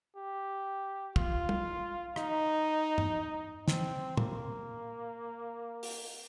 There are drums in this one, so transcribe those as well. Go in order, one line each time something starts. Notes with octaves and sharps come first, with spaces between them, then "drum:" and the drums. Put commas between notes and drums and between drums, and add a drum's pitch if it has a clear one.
G4
F4, drum: kick
drum: tom
D#4, drum: rim click
drum: tom G2
C4, drum: snare
A#3, drum: tom
drum: open hi-hat